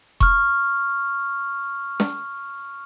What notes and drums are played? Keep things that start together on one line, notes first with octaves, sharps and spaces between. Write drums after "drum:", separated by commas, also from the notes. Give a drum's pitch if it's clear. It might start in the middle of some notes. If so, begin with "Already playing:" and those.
C#6 F6, drum: kick E1
drum: snare